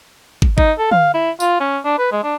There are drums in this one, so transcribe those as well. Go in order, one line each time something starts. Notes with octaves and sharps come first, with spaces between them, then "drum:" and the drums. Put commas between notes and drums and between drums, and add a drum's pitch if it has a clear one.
drum: kick
D#4, drum: kick
A4
F5, drum: tom
E4
F4, drum: tambourine
C#4
D4
B4
G#3
D4